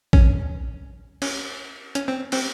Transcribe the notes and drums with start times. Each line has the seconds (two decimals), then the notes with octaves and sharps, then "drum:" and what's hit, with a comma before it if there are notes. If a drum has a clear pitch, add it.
0.13 C#4, drum: kick
1.22 C#4, drum: cymbal
1.95 C#4, drum: hi-hat
2.08 C4
2.32 C4, drum: cymbal